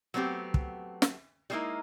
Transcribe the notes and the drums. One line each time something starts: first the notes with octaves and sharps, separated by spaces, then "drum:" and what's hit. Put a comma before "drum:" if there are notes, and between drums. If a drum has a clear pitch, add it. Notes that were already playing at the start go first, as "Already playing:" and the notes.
F#3 A3 B3 C4 G4
drum: kick
drum: snare
G3 G#3 A#3 D#4 E4 A#4